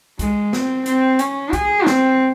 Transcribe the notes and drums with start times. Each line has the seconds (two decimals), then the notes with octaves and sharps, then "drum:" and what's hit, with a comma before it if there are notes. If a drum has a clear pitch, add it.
0.19 G#3, drum: kick, hi-hat
0.53 C4, drum: snare
0.86 C4, drum: hi-hat
1.19 C#4, drum: hi-hat
1.53 G#4, drum: kick, hi-hat
1.86 C4, drum: snare